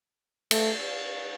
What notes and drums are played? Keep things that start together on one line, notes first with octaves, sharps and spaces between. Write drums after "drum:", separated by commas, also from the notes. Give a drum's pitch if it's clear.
A3, drum: cymbal